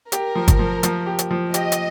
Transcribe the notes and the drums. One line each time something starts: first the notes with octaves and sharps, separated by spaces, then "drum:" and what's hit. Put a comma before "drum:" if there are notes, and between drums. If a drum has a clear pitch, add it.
G4 A#4, drum: hi-hat
F3
drum: kick, hi-hat
F3
F3, drum: hi-hat
G4
drum: hi-hat
F3
G4 D#5, drum: hi-hat
drum: hi-hat